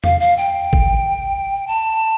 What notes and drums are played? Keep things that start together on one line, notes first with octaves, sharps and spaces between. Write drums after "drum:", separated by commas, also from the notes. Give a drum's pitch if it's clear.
F5, drum: tom E2
F5
G5
drum: kick
A5